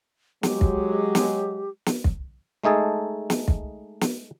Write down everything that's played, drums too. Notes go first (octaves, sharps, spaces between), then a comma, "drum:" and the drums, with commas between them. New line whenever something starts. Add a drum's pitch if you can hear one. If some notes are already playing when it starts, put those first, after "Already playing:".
F#3 G#3 G4, drum: snare
drum: kick
drum: snare
drum: snare
drum: kick
G#3 A3 D#4 G#4 A4
drum: snare
drum: kick
drum: snare